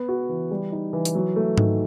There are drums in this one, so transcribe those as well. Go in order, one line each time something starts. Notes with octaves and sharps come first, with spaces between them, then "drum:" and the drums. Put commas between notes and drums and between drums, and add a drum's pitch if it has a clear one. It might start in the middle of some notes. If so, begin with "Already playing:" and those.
Already playing: B3
F#4
E3
G3
D#4
E3
drum: hi-hat
F#3
A3
D#3, drum: tom G#2